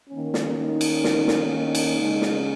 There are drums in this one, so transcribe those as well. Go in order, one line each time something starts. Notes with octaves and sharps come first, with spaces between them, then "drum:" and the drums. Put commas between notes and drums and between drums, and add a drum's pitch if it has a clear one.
D#3 A#3 C#4
drum: snare
D#4
drum: cymbal
drum: snare
drum: snare
D#4
drum: cymbal
C#3 G#3 C#4
drum: snare